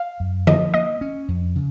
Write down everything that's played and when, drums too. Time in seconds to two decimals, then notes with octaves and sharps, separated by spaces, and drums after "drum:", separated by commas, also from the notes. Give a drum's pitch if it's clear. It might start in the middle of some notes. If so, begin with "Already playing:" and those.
Already playing: F5
0.20 F#2
0.47 F3 D#5, drum: tom D3
0.74 A#3 D#5
1.01 C#4
1.28 F2
1.56 C#3